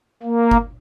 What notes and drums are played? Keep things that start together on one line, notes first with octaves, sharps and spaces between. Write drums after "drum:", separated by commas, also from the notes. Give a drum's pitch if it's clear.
A#3
drum: kick